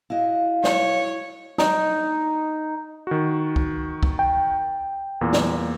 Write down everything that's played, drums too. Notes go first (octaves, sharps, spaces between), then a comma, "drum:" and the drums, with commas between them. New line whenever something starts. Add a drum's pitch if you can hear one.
E4 F#4 D#5 F5
C#5, drum: snare
D#4, drum: snare
D#3 F#4
drum: kick
drum: kick
G5
E2 A#2 A#3
drum: snare